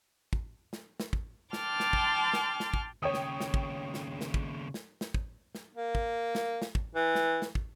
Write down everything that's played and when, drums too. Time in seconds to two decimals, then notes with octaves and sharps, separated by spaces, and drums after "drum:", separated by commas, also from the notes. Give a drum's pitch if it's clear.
0.33 drum: kick
0.73 drum: snare
1.00 drum: snare
1.13 drum: kick
1.53 G5 A5 C6 D6 F6, drum: snare
1.80 drum: snare
1.93 drum: kick
2.33 drum: snare
2.60 drum: snare
2.74 drum: kick
3.03 D#2 C#3 C#5 G5 D#6
3.14 drum: snare
3.40 drum: snare
3.54 drum: kick
3.94 drum: snare
4.21 drum: snare
4.34 drum: kick
4.74 drum: snare
5.01 drum: snare
5.14 drum: kick
5.55 drum: snare
5.75 A#3
5.95 drum: kick
6.35 drum: snare
6.62 drum: snare
6.75 drum: kick
6.95 E3
7.15 drum: snare
7.42 drum: snare
7.55 drum: kick